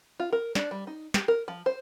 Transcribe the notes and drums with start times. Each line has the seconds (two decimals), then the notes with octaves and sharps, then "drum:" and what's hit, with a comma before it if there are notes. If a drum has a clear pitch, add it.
0.20 F4
0.33 A#4
0.55 D4, drum: snare
0.71 G3
0.87 D#4
1.14 G4, drum: snare
1.28 A#4
1.48 F3
1.66 C5